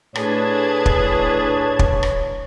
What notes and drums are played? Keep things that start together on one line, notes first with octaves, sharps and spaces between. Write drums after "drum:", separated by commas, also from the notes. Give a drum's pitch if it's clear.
A2 D4 G#4 B4 C#5 A5 G#6, drum: rim click
drum: kick
drum: kick
drum: rim click